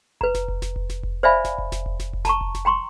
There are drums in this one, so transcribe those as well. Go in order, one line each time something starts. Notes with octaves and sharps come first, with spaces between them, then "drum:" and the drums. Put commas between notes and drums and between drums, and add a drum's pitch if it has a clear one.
B4 A#5, drum: kick F1
drum: snare F1
drum: kick F1
drum: snare F1
drum: kick F1
drum: snare F1
drum: kick F1
C5 D5 E5 F5 G#5 B5
drum: snare F1
drum: kick F1
drum: snare F1
drum: kick F1
drum: snare F1
drum: kick F1
A5 A#5 C#6, drum: snare F1
drum: kick F1
drum: snare F1
G5 A#5 C6 C#6